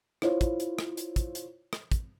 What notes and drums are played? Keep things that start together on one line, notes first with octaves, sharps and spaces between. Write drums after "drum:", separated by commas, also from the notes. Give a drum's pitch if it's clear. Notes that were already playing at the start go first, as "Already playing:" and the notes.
E4 F4 C5 C#5, drum: rim click
drum: kick, hi-hat
drum: hi-hat
drum: rim click
drum: hi-hat
drum: kick, hi-hat
drum: hi-hat
drum: rim click
drum: kick, hi-hat